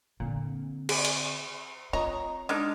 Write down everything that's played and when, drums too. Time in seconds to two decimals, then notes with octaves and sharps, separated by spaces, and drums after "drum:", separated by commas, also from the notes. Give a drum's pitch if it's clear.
0.20 A#2 D3 C4
0.89 G#4 D5, drum: cymbal
1.05 drum: hi-hat
1.93 C4 F4 C#5 D#5 A#5
2.49 G#3 D4 D#4 F6